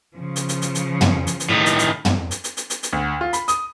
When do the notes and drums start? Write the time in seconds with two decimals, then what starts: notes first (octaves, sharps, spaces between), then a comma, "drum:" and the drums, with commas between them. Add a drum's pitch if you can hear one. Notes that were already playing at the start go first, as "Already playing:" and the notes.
0.16 C#3 F3
0.36 drum: hi-hat
0.49 drum: hi-hat
0.62 drum: hi-hat
0.75 drum: hi-hat
1.01 drum: tom
1.27 drum: hi-hat
1.40 drum: hi-hat
1.49 A2 D#3
1.66 drum: hi-hat
1.79 drum: hi-hat
2.05 drum: tom
2.31 drum: hi-hat
2.44 drum: hi-hat
2.57 drum: hi-hat
2.70 drum: hi-hat
2.83 drum: hi-hat
2.93 D2
3.21 F4
3.33 B5, drum: hi-hat
3.48 D#6, drum: hi-hat